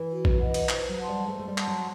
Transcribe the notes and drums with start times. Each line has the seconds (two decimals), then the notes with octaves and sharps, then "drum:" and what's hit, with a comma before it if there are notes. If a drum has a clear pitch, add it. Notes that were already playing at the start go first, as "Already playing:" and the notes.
Already playing: E3
0.11 F#4
0.25 drum: kick
0.39 B4 D#5 F#5
0.54 drum: cymbal
0.69 E3 C5, drum: clap
0.89 F#3
0.99 F#5 A5 C6
1.08 G3
1.27 A3 C5
1.39 A3
1.48 G3
1.58 F#5 A5 C6, drum: clap
1.67 F#3